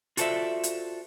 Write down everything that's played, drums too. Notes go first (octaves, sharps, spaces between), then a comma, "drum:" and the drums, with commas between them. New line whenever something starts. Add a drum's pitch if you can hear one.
F4 F#4 A4 C5 D5 E5, drum: hi-hat
drum: hi-hat